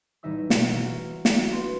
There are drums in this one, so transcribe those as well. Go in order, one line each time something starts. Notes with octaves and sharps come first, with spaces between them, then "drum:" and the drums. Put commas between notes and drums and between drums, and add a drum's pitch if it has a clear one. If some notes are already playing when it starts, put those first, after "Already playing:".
A1 E3 G3 D#4 E5 E6
B2 C#4 F4, drum: snare
E3 F#4 E5 F#5 A#5 F6
D4 E4 F#4 A#4, drum: snare
B4 C6